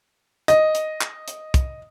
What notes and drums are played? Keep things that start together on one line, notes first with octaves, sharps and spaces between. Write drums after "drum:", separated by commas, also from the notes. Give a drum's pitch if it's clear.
D#5, drum: hi-hat
drum: hi-hat
drum: clap
drum: hi-hat
drum: kick, hi-hat